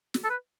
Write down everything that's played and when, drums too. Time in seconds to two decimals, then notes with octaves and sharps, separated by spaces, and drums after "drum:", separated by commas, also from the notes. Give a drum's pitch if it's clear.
0.14 drum: snare
0.24 A4
0.30 B4